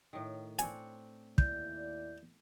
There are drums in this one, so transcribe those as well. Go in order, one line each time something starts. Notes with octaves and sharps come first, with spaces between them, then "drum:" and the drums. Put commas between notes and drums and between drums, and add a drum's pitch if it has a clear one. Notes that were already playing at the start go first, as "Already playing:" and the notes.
A2 D#3
C4 D4 C#5 G#5, drum: hi-hat
D#2 E4 D5 G6, drum: kick